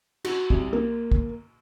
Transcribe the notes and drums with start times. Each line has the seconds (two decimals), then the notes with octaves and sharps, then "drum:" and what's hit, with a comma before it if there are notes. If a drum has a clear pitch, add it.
0.24 F#4, drum: cymbal
0.50 C2, drum: kick
0.73 A#3
1.12 drum: kick